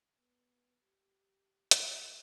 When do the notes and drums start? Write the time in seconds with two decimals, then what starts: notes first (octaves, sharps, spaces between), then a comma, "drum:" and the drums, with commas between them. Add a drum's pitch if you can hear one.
0.16 B3
0.84 G4
1.71 drum: hi-hat